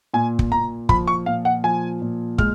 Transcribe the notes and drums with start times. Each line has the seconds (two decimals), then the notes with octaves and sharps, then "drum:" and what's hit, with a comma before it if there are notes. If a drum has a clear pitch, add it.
0.14 A#2 G#5
0.39 drum: kick
0.52 A#2 A#5
0.89 F3 B5, drum: kick
1.07 C#6
1.26 A#2 F5
1.45 F#5
1.64 F3 G#5
2.02 A#2
2.38 G#3 F6, drum: kick